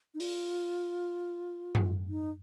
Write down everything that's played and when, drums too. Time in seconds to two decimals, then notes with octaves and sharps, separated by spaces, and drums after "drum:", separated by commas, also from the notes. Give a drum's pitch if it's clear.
0.14 D#4
0.20 F4, drum: open hi-hat
1.75 drum: tom F#2
2.09 D#4